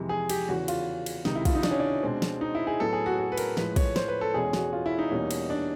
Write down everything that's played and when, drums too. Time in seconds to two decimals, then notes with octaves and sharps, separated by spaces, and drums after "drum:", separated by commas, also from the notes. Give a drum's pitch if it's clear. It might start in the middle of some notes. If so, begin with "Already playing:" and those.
Already playing: F2 C3 E3 G#3
0.09 G#4
0.30 G4, drum: cymbal
0.48 E2 C#3 E3 F#4
0.68 F4, drum: cymbal
1.06 drum: cymbal
1.25 C#2 C3 D#3 D#4, drum: snare
1.35 E4
1.45 F4, drum: kick, cymbal
1.55 D#4
1.63 D4, drum: snare
1.71 C#4
1.79 D4
2.03 B2 G#3 C4
2.22 drum: snare
2.41 D#4
2.55 E4
2.67 G#4
2.80 A2 F#3 B3 A4
2.93 G#4
3.06 F#4
3.18 F#4
3.32 B4
3.38 A#4, drum: cymbal
3.57 A2 F3 G#3 B4, drum: snare
3.76 C#5, drum: kick, cymbal
3.96 C5, drum: snare
4.08 B4
4.21 A4
4.34 E2 B2 G#3 C#4 G#4
4.53 F#4, drum: snare
4.73 F4
4.86 E4
4.99 D#4
5.11 E2 B2 G3 A#3 C#4
5.31 drum: cymbal
5.50 D4